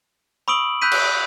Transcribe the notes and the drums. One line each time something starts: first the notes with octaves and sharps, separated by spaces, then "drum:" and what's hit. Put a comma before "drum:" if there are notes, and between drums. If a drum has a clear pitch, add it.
B5 C#6 D#6 E6 D7 F#7
B5 E6 F#6 G6 B6 D#7
drum: cymbal